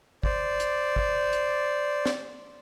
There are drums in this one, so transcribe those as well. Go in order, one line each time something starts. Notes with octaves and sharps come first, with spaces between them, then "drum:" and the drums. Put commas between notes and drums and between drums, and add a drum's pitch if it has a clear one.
C5 D5, drum: kick
drum: hi-hat
drum: kick
drum: hi-hat
drum: snare